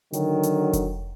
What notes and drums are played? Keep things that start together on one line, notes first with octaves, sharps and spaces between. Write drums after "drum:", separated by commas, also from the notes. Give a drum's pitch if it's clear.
D3 D#3 F#3, drum: hi-hat
drum: hi-hat
drum: kick F1, hi-hat